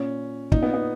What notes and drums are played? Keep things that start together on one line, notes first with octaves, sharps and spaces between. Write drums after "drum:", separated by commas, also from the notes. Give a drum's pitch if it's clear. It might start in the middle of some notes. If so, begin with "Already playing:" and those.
Already playing: A#2 C#4
A#2 D#4, drum: kick
B3
B3